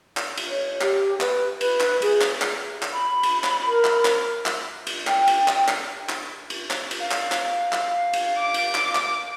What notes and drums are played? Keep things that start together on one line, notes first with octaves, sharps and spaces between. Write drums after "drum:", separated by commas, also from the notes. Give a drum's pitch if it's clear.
drum: clap
drum: cymbal
C#5
G4, drum: clap
B4, drum: clap
B4, drum: cymbal
drum: clap
G#4, drum: cymbal
drum: clap
drum: clap
drum: clap
B5
drum: cymbal
drum: clap
A#4
drum: clap
drum: clap
drum: clap
drum: cymbal
G5, drum: clap
drum: cymbal
drum: clap
drum: clap
drum: clap
drum: cymbal
drum: clap
drum: cymbal
F5
drum: clap
drum: clap
drum: clap
drum: cymbal
D6
drum: cymbal
drum: clap
drum: clap